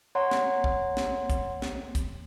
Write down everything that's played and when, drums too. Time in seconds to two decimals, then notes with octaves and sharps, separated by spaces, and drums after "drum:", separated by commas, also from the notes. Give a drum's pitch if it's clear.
0.15 C#5 F#5 A#5 C6
0.31 drum: snare
0.64 drum: kick
0.97 drum: snare
1.30 drum: kick, hi-hat
1.62 drum: snare
1.95 drum: kick, hi-hat